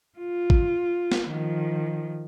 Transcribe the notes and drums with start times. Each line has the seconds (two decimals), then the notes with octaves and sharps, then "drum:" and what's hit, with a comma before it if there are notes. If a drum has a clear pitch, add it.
0.18 F4
0.50 drum: kick
1.12 drum: snare
1.27 D#3 F3